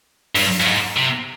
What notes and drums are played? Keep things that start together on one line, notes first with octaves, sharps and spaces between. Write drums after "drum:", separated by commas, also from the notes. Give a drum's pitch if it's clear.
G2, drum: open hi-hat
G2
G#2
C3